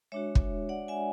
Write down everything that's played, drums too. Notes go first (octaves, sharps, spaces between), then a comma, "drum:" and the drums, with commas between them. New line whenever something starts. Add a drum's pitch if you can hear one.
G#3 D4 F#4 C#5 E5
drum: kick
D5 F#5
E5 G#5